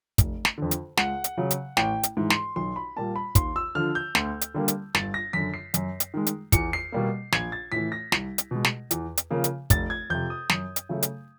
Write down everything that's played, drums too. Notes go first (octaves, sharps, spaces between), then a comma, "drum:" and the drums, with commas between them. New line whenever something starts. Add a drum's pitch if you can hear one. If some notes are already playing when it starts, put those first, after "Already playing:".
F1, drum: kick, hi-hat
drum: snare
F2 D3
drum: hi-hat
C#2 F#5, drum: snare
drum: hi-hat
C#3 F#3
drum: hi-hat
A1 G5, drum: snare
drum: hi-hat
G#2 E3
C6, drum: snare
B1 C6
B5
A#2 G3 A#3 A5
B5
D#2 C6, drum: kick, hi-hat
E6
D3 F3 F6
G6
D2, drum: snare
drum: hi-hat
D3 G3 A#3
drum: hi-hat
G1 A6, drum: snare
A#6
F#2 D3 B6
C7
F#2, drum: hi-hat
drum: hi-hat
D#3 G#3
drum: hi-hat
E2 C#7, drum: kick, hi-hat
C7
B2 G3 A#3
A#1 G#6, drum: snare
A6
A2 E3 B6
A#6
C2, drum: snare
drum: hi-hat
B2 G#3
drum: snare
E2, drum: hi-hat
drum: hi-hat
C#3 F3 A#3
drum: hi-hat
F1 A6, drum: kick, hi-hat
G#6
F2 C3 G6
D#6
F#2 D#6, drum: snare
drum: hi-hat
C#3 F#3 A3
drum: hi-hat